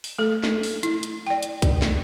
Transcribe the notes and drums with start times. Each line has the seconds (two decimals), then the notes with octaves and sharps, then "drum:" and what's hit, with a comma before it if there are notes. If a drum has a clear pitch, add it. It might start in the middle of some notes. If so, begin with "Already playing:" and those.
0.04 drum: open hi-hat
0.19 A3 A4
0.44 drum: snare
0.63 drum: open hi-hat
0.83 E4, drum: hi-hat
1.03 drum: hi-hat
1.27 D5 G5
1.43 drum: hi-hat
1.62 drum: kick B1, hi-hat
1.82 drum: snare